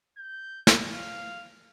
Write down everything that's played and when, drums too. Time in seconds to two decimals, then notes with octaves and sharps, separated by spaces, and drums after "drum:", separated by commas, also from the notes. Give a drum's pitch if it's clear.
0.18 G6
0.67 drum: snare
0.91 F5